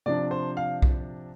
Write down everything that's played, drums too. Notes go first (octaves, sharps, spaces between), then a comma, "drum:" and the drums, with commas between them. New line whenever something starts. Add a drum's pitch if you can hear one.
C3 F3 D4 D5
C5
F5
drum: kick B1